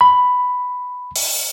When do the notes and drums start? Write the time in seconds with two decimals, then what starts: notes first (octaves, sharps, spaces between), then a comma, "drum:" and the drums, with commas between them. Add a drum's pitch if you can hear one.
0.01 B5
1.16 drum: open hi-hat